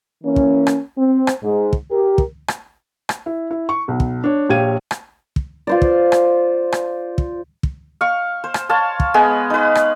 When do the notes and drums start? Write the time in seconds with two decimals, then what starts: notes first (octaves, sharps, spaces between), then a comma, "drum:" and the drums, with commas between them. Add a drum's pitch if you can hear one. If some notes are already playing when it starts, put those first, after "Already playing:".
0.24 E3 A#3 C#4
0.36 drum: kick
0.67 drum: rim click
0.97 C4
1.27 drum: rim click
1.43 G#2
1.73 drum: kick
1.91 G4 A#4
2.18 drum: kick
2.48 drum: rim click
3.09 drum: rim click
3.26 E4
3.51 E4
3.69 C#6
3.88 B1
4.00 drum: kick
4.24 D4 C#5
4.49 A#1 G4 C#5 F5 G#6 D#7
4.91 drum: rim click
5.36 drum: kick
5.67 F4 C5 D5
5.82 drum: kick
6.12 drum: rim click
6.72 drum: rim click
7.18 drum: kick
7.63 drum: kick
8.01 F5 C#6
8.44 C5
8.54 drum: rim click
8.69 C#5 F5 A5 C6
9.00 drum: kick
9.14 G#3 B3 G#4 B4
9.50 D#4 B4
9.75 drum: rim click